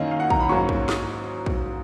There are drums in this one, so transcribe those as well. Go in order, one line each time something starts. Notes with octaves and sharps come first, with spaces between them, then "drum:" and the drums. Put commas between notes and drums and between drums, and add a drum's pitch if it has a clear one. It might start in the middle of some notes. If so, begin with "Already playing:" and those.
Already playing: F#2 D#3 A#3 C#4 D#5 F5
F5
F#5
A#5, drum: kick A#1
B5
G#2 F#3 A#3 C#4 C#6
drum: kick A#1
D#6, drum: snare
drum: kick A#1